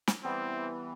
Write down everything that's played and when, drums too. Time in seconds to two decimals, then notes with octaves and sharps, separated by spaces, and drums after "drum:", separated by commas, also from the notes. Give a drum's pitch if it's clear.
0.08 drum: snare
0.24 E3 G3 B3 C4 A5